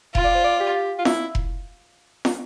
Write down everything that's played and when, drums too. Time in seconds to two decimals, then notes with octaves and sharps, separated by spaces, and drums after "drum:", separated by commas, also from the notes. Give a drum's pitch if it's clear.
0.15 F4, drum: kick F1
0.24 D5
0.35 C5
0.44 D5
0.60 G4
0.99 F4
1.05 E4, drum: snare
1.35 drum: kick F1
2.25 drum: snare